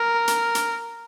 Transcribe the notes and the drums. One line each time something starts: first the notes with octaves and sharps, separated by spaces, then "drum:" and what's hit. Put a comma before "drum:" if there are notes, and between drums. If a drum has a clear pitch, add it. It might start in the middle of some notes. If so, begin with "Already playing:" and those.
Already playing: A#4
drum: hi-hat
drum: hi-hat